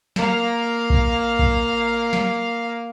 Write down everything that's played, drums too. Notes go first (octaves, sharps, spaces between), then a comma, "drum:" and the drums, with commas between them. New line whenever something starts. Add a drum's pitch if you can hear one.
A#3 F5, drum: snare
drum: kick A#1
drum: kick A#1
drum: snare